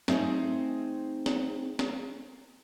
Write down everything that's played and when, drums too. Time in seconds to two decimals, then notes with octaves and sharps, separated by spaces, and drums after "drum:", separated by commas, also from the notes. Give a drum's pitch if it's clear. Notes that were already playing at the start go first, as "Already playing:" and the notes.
0.08 A3 C4 D#4 G#4 C5, drum: snare
1.26 drum: snare
1.79 drum: snare